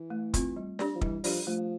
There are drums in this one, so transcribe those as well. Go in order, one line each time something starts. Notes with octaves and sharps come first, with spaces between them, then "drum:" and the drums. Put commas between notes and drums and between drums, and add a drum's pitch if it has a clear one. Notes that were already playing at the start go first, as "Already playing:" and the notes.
Already playing: E3
A3
C4 F4, drum: kick, hi-hat
G3
D4 G4 D5, drum: snare
F3
E3 G3, drum: kick
F3 D4 G4 D5, drum: open hi-hat
F3 A3